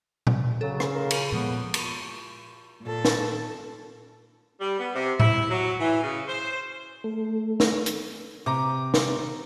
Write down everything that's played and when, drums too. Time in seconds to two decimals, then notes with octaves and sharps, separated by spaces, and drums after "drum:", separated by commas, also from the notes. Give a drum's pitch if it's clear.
0.27 drum: tom
0.61 C#3 F#3 A4
0.80 drum: rim click
0.92 A#4
1.10 drum: cymbal
1.32 A#2 F3 G#3 B3
1.74 drum: cymbal
2.83 A#2 A4
3.05 drum: snare
4.60 G3
4.79 B3
4.94 C3
5.20 E4, drum: tom A2
5.50 F#3
5.80 E3
6.01 C#3
6.28 C5
7.04 A3
7.60 drum: snare
7.86 drum: hi-hat
8.46 C3 A#5 D6
8.94 drum: snare